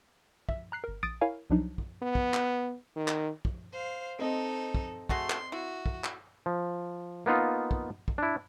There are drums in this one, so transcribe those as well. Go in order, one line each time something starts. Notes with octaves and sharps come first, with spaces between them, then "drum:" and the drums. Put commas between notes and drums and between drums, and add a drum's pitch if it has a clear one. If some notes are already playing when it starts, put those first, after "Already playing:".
E5, drum: kick
A#5 F#6 C7
G1 A#4
A#1 D#6 A6 D7
E4 A#4 C#5 F5 G#5
C2 F3 F#3 D4 D#4
drum: kick
B3
drum: kick
drum: clap
D#3
drum: clap
drum: kick
C5 F5
C4 D#4 A4 C5 D#5
drum: kick
A3 F#4 G#4 C6, drum: kick
drum: clap
E4 F#4
drum: kick
drum: clap
F3
A#3 B3 D#4 F4
drum: kick
drum: kick
D4 E4